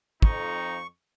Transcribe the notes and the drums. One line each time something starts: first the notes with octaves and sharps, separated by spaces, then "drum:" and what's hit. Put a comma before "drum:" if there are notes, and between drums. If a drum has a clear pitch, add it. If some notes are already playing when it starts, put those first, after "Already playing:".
F2 D#4 C#6, drum: kick